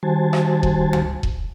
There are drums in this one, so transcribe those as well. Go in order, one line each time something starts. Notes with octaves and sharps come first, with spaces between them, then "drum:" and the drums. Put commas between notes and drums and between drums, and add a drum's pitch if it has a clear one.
D#3 G3 F#4 C5 G#5 A5
drum: rim click
drum: kick E1
drum: tom
drum: kick E1